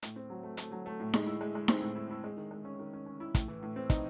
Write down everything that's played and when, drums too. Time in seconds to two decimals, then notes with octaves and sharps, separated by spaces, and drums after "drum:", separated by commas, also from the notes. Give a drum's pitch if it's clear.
0.03 A2, drum: hi-hat
0.16 C4
0.30 F#3
0.43 A3
0.57 A3, drum: hi-hat
0.72 F#3
0.86 A3
1.00 A2
1.14 G#3, drum: snare D#4
1.27 E4
1.41 G#3
1.55 G#3
1.68 C4, drum: snare D#4
1.82 A2
1.95 E4
2.11 E4
2.24 G#3
2.37 D#3
2.51 G#3
2.65 C#4
2.79 D#3
2.93 C#4
3.06 C#4
3.20 E4
3.35 A2, drum: kick, hi-hat
3.48 E3
3.63 A2
3.76 C4
3.90 D#4, drum: kick, hi-hat